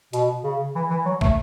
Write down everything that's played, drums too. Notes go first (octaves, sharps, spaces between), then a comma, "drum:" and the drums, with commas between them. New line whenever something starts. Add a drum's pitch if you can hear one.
B2, drum: hi-hat
C#3
E3
E3
F#3
A3, drum: kick